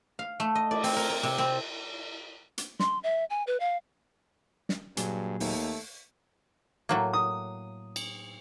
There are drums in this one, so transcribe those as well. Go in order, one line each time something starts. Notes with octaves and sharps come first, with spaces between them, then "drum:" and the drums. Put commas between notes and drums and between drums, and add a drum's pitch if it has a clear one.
F5
A3
D#5
D5, drum: cymbal
C4, drum: open hi-hat
A#4
A#5
C3
C4
drum: hi-hat
C6, drum: snare
E5
G#5
B4
F5
drum: snare
G2 A#2 F#3 G#4, drum: hi-hat
D#2 A3, drum: open hi-hat
A2 F#3 A#3
D#6
drum: cymbal